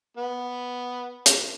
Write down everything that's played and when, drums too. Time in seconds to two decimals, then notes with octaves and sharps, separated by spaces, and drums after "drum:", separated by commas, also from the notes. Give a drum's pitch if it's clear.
0.17 B3
1.26 drum: hi-hat